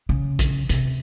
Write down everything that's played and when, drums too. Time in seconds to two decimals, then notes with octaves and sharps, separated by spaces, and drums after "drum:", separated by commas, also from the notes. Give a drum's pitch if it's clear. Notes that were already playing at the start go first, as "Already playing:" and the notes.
0.09 C#3
0.39 drum: kick, hi-hat
0.69 C3, drum: hi-hat